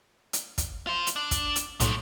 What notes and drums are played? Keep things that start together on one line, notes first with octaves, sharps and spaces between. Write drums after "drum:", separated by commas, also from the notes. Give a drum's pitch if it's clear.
drum: hi-hat
drum: kick, hi-hat
F4 C5
drum: hi-hat
D4
drum: kick, hi-hat
drum: hi-hat
B1 A2 F3 F#3, drum: hi-hat